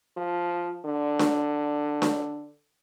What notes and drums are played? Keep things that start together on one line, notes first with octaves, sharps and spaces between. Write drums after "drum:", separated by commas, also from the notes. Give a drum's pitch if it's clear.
F3
D3
drum: snare D4
drum: snare D4